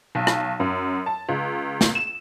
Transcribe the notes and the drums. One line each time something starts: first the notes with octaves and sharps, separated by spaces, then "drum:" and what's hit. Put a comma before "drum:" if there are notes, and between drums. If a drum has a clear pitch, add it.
B1
drum: rim click
F#2
A5
C#2
drum: snare
E7